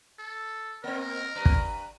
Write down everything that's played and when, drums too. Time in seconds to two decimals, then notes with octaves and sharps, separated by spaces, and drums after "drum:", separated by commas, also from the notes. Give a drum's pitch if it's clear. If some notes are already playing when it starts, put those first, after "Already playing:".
0.19 A4
0.84 A#3 C4 A#4 D#5
1.35 G2 B4 A#5
1.45 drum: kick